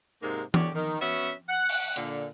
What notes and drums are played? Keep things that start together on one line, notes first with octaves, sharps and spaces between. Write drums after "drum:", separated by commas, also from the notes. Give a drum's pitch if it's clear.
G#2 C3 G#3 A#3
E2 D3 G4 C#5 D5, drum: tom
D#3
B3 C#4 F#4 E5
F#5
drum: open hi-hat
A#2 D3, drum: hi-hat